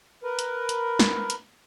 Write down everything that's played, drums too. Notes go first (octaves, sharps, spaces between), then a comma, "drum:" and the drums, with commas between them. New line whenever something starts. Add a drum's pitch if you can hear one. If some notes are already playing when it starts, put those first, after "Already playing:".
A#4 B4
drum: hi-hat
drum: hi-hat
drum: snare
drum: hi-hat